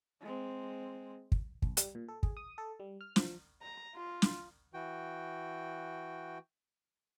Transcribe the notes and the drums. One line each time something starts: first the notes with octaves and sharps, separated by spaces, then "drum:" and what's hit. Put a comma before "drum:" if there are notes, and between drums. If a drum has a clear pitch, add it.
G#3 C4
drum: kick
B1, drum: kick
G3, drum: hi-hat
A#2
A4
G#4, drum: kick
D#6
A4
G3
F6
F3, drum: snare
A#5
F4
drum: snare
E3 F#4 G5